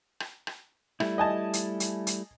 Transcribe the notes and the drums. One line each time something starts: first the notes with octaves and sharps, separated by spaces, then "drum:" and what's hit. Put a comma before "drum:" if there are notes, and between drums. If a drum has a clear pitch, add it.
drum: rim click
drum: rim click
G3 A3 E4, drum: rim click
D#5 G#5 A5
drum: hi-hat
drum: hi-hat
drum: hi-hat